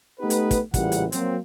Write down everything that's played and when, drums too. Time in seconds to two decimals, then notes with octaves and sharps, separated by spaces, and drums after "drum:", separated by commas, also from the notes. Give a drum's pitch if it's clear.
0.20 A3 B3 D#4 G4 B4
0.30 drum: hi-hat
0.51 drum: kick, hi-hat
0.74 A1 A#2 C#3 E3 G3 F#5, drum: kick, hi-hat
0.92 drum: hi-hat
1.12 F#3 A#3 C4, drum: hi-hat